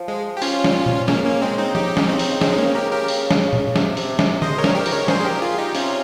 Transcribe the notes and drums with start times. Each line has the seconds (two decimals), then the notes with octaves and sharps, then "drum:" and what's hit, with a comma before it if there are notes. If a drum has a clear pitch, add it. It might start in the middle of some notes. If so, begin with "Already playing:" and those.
Already playing: F3
0.08 G#3
0.37 G4
0.42 F3 C#4 F4, drum: open hi-hat
0.64 G3, drum: snare
0.86 F3, drum: tom A#2
1.08 C#3 A#3 C#4, drum: snare
1.25 A#3 C#4
1.42 G#3 C4
1.58 C4 D#4
1.75 D#4 G4, drum: tom
1.97 C#4, drum: snare
2.08 C4 D#4
2.19 drum: open hi-hat
2.41 G#3 C4, drum: snare
2.52 D#4
2.58 A#3 C#4
2.75 G4 A#4
2.92 G4 A#4
3.08 drum: open hi-hat
3.31 drum: snare
3.53 drum: tom A#2
3.76 C3, drum: snare
3.97 C3, drum: open hi-hat
4.19 C3, drum: snare
4.42 G#2 C5 D#5, drum: tom D3
4.58 A#4 C#5
4.64 A#2, drum: snare
4.75 G4 A#4
4.86 G#2, drum: open hi-hat
4.92 A#4 C#5
5.08 A#2 G#4 C5, drum: snare
5.21 G#4
5.25 G4 A#4
5.42 F4 G#4
5.58 D#4 G4
5.75 C3 C#4 F4, drum: open hi-hat